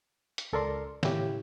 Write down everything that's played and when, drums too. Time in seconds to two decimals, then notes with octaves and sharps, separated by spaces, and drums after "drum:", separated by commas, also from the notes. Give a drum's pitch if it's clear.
0.38 drum: hi-hat
0.53 C#2 A4 A#4 D5 C6
1.03 A2 C#3 C#4 E4 G4, drum: snare